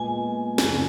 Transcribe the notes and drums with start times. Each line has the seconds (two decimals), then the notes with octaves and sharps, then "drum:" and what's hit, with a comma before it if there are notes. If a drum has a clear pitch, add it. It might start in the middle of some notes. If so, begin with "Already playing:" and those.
Already playing: A#2 G#3 B3 G#5
0.58 F#1 F2 C#3 G#5, drum: snare